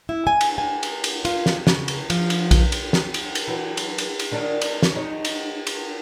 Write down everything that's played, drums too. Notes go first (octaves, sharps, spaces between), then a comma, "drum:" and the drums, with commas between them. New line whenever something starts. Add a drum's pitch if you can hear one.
E4
G#5
drum: cymbal
G#5
drum: cymbal
drum: cymbal
F4, drum: cymbal
drum: snare
C#3, drum: snare
drum: cymbal
F3, drum: cymbal
drum: cymbal
drum: kick A#1, cymbal
drum: cymbal
drum: snare
drum: cymbal
drum: cymbal
E3 F#3
drum: cymbal
drum: cymbal
drum: cymbal
D#3 C#4 D4
drum: cymbal
drum: snare
D#4 C#5
drum: cymbal
drum: cymbal